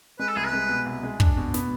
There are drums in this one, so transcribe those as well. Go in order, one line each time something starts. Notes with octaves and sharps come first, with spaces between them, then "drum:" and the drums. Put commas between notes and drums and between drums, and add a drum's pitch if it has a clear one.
G#3 B4
A4
C2 G#4
B4
G#3
B2
C2
G#3
D4, drum: kick
B2
B3, drum: snare